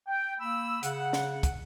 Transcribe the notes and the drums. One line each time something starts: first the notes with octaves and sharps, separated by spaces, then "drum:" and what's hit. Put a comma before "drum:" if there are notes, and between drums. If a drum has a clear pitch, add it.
G5
A#3 B5 E6
C#3 F#5, drum: hi-hat
drum: snare
drum: kick, hi-hat